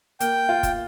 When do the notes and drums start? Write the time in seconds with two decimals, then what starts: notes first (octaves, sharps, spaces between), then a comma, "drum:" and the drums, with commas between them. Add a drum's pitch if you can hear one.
0.20 A#3 G5, drum: hi-hat
0.49 F4
0.63 drum: kick F1, hi-hat